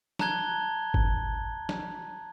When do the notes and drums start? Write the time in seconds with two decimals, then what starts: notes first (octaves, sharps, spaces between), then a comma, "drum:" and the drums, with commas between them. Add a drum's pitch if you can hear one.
0.19 A5 A#5 F#6 G#6 G7, drum: snare
0.94 drum: kick
1.69 drum: snare